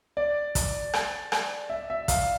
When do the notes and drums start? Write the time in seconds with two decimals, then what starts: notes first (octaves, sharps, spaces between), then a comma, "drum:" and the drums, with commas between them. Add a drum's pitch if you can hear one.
0.17 D5
0.55 drum: kick, hi-hat
0.93 drum: rim click
1.32 drum: rim click
1.70 E5
1.90 E5
2.08 F5, drum: kick, hi-hat